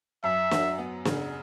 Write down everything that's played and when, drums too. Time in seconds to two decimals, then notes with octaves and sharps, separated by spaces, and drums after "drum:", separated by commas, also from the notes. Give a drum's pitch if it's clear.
0.24 F#2 E5
0.51 F#3, drum: snare
0.78 B3
1.05 C#3, drum: snare